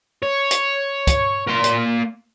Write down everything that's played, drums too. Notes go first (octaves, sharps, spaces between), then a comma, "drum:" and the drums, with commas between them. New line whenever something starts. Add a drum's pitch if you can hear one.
C#5
drum: hi-hat
drum: kick, hi-hat
A#3 C6
drum: hi-hat